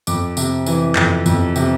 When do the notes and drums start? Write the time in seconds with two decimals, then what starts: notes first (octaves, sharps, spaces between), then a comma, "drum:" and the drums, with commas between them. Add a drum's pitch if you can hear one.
0.07 F2 D6, drum: tambourine
0.37 C3, drum: tambourine
0.66 E3, drum: tambourine
0.96 F2, drum: clap
1.26 F2, drum: tambourine
1.56 C3, drum: tambourine